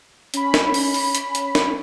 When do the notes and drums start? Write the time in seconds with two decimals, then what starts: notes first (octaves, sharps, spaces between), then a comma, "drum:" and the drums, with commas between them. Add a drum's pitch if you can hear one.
0.34 C#4 B5, drum: hi-hat
0.54 drum: snare
0.74 drum: open hi-hat
0.94 drum: open hi-hat
1.15 drum: hi-hat
1.35 drum: hi-hat
1.55 drum: snare